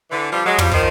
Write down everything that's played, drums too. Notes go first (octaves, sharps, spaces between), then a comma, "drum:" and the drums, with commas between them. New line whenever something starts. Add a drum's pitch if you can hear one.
D3 E3
F3 G3
F#3 G#3
F3 G3, drum: tom
D#3 F3, drum: kick